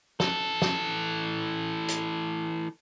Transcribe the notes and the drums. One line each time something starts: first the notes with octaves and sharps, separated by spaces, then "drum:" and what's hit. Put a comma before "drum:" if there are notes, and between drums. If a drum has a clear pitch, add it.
E3 A4, drum: snare
drum: snare
drum: hi-hat